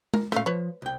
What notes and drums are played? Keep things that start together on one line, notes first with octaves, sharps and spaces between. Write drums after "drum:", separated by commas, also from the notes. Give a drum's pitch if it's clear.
A#4, drum: tom
A#2 A3 C#4 F5, drum: rim click
F3 B4 C#5
C2 G5